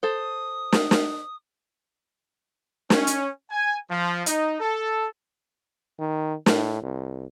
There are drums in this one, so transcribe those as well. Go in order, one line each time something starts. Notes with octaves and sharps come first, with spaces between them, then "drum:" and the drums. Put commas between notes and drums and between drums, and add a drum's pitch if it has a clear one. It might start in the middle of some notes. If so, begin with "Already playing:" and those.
A4 C5 D#6
drum: snare
drum: snare
C#4, drum: snare
drum: hi-hat
G#5
F3
D#4, drum: hi-hat
A4
D#3
A2, drum: snare
C2